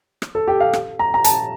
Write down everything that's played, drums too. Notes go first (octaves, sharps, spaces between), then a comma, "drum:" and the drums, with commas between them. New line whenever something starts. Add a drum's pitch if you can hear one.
drum: rim click
A4
G4
F5
drum: rim click
A#5
A#5
A5, drum: hi-hat